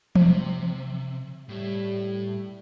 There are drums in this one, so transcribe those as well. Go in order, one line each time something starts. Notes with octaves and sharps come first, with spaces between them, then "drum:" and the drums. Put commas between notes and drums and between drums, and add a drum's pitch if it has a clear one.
C3, drum: tom E3
A2 G3 E4